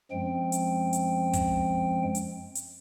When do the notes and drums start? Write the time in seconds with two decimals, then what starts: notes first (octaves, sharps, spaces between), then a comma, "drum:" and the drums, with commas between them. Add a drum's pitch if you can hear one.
0.11 F#2 F3 G#3 C4 G5
0.52 drum: hi-hat
0.93 drum: hi-hat
1.33 drum: kick, hi-hat
2.15 drum: hi-hat
2.55 drum: hi-hat